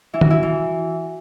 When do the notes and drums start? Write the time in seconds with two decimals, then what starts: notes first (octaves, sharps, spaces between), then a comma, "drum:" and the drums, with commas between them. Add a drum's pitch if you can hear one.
0.13 E3 E4
0.21 F#4, drum: tom
0.30 E4
0.43 E3